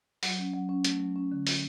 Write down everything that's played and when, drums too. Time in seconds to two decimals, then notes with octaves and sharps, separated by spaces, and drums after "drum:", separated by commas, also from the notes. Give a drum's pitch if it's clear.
0.23 F#3, drum: open hi-hat
0.38 C#4
0.54 F#3
0.69 C#4
0.84 A3, drum: hi-hat
0.99 F#3
1.16 C#4
1.32 D3
1.47 drum: open hi-hat